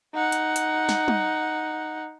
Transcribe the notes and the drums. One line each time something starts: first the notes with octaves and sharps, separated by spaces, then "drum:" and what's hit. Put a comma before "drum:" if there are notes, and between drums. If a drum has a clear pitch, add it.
D#4 F#5
drum: hi-hat
drum: hi-hat
drum: snare
drum: tom